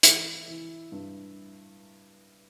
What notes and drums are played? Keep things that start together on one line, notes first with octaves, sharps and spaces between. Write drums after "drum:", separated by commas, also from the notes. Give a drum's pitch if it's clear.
E3 E4, drum: hi-hat
E3
G2